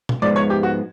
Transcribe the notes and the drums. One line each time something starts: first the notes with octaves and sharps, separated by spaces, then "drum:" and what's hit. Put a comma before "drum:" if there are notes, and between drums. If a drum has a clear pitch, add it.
drum: tom B2
G#2 F3 G#3 B3 D5
C#5
G4
F#4